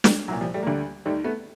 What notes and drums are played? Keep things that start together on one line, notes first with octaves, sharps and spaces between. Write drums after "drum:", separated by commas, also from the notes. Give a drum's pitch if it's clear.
drum: snare
C2 A#2 F#3
F3 G3
G3 A3
A#3
D2 D3 G3 A3
D#2 D#3 G3 A3
A3 B3